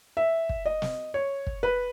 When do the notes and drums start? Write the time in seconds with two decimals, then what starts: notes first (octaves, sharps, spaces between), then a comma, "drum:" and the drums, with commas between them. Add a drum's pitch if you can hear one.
0.17 E5
0.49 drum: kick
0.66 D#5
0.82 drum: snare
1.14 C#5
1.47 drum: kick
1.63 B4